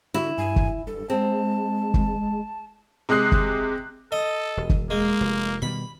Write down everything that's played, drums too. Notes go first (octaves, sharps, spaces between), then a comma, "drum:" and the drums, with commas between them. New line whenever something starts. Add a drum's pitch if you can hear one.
D3 E4 F#4
G2 G#5
drum: kick
G2 A4
G#3 C4 A5
drum: kick
C3 G#3 D#6 F#6 C7
drum: kick
A4 D#5
E1
drum: kick
G#3 A#3
F1
B2 D#3 G3 B5